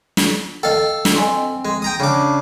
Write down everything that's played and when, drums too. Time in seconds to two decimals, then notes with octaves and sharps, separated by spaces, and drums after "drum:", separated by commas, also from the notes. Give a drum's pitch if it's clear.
0.17 drum: snare
0.63 A4 D#5 F5 G5
1.05 drum: snare
1.16 C4 D#5 G#5 C6
1.65 G#3
1.82 G5 A#5 D#6
2.00 C#3 D4 D6